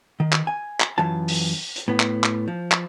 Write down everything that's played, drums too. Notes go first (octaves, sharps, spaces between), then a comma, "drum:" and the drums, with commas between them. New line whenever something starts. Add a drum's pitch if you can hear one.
D#3
drum: clap
G#5
drum: clap
F#2 E3 F4 A5
drum: open hi-hat
drum: hi-hat
A2 B3
drum: clap
drum: clap
F3
drum: clap